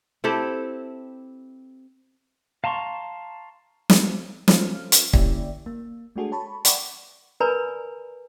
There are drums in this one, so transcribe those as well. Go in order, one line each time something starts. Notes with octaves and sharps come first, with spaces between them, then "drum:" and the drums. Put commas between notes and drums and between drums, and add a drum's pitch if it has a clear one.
C4 E4 G4 A4
F5 A5 A#5 C6 C#6
drum: snare
F3 C#4 F4 A4 C5 F6, drum: snare
drum: hi-hat
D3 A#3 C#4 E4 G4 D5, drum: kick
A#3
G#3 A3 D4 F#4 G#4 A4
C#5 A5 B5 C#6
D5 F#5 G5 B5 C#6 D6, drum: hi-hat
A#4 B4 D5 G#5 A#5 B5